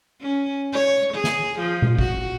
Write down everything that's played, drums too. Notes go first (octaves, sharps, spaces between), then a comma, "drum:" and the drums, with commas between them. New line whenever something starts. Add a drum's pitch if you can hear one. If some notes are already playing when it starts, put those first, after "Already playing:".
C#4
C#5
G#4
drum: snare
F3
drum: tom A#2
F#4, drum: kick